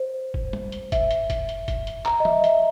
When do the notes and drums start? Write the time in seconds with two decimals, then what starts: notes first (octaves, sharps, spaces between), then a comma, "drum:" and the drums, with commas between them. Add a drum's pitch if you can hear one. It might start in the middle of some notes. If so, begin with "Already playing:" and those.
Already playing: C5
0.34 drum: kick
0.53 drum: tom
0.72 drum: hi-hat
0.92 E5, drum: kick, hi-hat
1.11 drum: hi-hat
1.30 drum: kick, hi-hat
1.49 drum: hi-hat
1.68 drum: kick, hi-hat
1.87 drum: hi-hat
2.06 A#5, drum: clap
2.20 D#5
2.25 E5, drum: tom E3
2.44 E5, drum: hi-hat